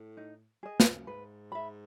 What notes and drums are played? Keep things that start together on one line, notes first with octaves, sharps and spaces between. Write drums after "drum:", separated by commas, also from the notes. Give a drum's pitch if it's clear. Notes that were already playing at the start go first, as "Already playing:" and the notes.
Already playing: A2
D#4
G#4 D#5
E2, drum: snare
F#2
G#2 B4
E5 B5